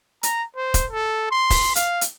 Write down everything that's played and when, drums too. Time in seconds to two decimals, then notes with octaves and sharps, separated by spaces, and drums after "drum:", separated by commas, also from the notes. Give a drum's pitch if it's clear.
0.23 A#5, drum: hi-hat
0.56 C5
0.74 drum: kick E1, hi-hat
0.91 A4
1.31 C6
1.50 drum: kick E1, open hi-hat
1.76 F5, drum: hi-hat
2.01 drum: hi-hat